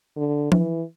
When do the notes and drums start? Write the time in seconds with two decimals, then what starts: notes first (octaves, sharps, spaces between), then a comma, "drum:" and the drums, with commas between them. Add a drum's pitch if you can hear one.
0.17 D3
0.52 E3, drum: tom F3